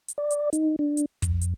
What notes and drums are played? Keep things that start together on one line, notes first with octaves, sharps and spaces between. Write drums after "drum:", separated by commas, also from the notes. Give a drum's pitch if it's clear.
drum: hi-hat
D5
drum: hi-hat
D#4, drum: hi-hat
D4
drum: hi-hat
F2, drum: kick, hi-hat
drum: hi-hat